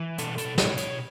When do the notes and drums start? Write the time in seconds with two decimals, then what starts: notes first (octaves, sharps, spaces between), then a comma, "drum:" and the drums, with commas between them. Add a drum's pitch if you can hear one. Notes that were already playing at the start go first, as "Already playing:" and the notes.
Already playing: E3
0.18 B2 A4, drum: hi-hat
0.38 A4, drum: hi-hat
0.45 B2
0.58 C#5, drum: snare
0.70 B2
0.77 C#5, drum: hi-hat